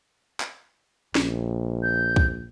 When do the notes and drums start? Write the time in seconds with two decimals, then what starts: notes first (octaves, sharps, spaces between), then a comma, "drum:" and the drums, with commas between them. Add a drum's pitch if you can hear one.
0.40 drum: clap
1.15 A#1, drum: snare
1.83 G6
2.16 drum: kick C2